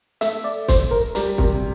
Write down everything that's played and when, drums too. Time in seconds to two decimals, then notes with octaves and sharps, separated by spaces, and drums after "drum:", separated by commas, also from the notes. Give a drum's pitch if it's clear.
0.21 A3 E5, drum: hi-hat
0.44 D5
0.68 C5, drum: kick, hi-hat
0.91 A#4
1.15 G3 A#4, drum: hi-hat
1.38 C3 A#4, drum: kick